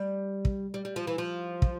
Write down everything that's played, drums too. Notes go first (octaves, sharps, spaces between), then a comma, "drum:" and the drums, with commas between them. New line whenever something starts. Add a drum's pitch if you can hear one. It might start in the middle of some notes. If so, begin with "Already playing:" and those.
Already playing: G3
drum: kick
G3
G3
F3
E3
F3
drum: kick